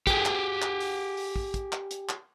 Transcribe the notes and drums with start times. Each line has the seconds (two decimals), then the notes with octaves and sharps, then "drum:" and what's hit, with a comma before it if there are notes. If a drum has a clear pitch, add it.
0.07 G4 G#4, drum: kick, hi-hat
0.25 drum: clap
0.62 drum: clap
0.80 drum: open hi-hat
1.17 drum: open hi-hat
1.36 drum: kick
1.54 drum: kick, hi-hat
1.72 drum: clap
1.91 drum: hi-hat
2.09 drum: clap